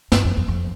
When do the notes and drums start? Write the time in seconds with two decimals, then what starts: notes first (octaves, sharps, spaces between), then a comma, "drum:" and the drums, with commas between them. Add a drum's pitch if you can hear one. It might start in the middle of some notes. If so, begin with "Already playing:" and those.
0.12 G2, drum: snare
0.25 F2
0.37 F2
0.48 F2